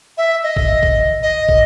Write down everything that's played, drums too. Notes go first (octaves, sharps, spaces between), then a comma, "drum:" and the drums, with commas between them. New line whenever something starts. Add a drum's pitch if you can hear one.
E5
D#5
drum: kick
drum: kick
D#5
drum: kick